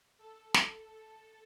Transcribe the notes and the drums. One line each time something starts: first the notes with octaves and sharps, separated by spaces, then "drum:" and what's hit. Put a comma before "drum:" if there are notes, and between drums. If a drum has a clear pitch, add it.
A4
drum: snare